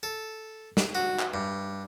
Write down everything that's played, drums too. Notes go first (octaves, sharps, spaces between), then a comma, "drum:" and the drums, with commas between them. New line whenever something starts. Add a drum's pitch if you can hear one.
A4
drum: snare
F#4
drum: clap
G2